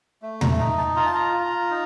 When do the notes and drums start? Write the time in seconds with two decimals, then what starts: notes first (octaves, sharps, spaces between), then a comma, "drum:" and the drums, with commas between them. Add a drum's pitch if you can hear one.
0.22 A3
0.41 A#5, drum: tom
0.59 D#4 A#5
0.78 A5
0.96 F4 A#5
1.06 A5
1.15 A#5
1.33 F4
1.71 D#4